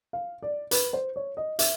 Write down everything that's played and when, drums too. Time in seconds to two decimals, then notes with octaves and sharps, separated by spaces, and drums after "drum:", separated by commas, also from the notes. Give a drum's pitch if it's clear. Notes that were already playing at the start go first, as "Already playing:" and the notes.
0.13 F5
0.42 D5
0.71 B4, drum: hi-hat
0.93 C5
1.16 C#5
1.37 D#5
1.59 E5, drum: hi-hat